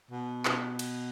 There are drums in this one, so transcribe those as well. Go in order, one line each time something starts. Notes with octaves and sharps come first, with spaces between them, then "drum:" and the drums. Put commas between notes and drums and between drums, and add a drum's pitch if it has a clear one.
B2
B2, drum: clap
drum: cymbal